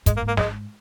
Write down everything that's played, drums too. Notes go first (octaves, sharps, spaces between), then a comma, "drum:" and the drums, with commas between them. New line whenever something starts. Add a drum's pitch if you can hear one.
G#2 G#3, drum: kick, hi-hat
A#3
G#2
A#3
G#3, drum: snare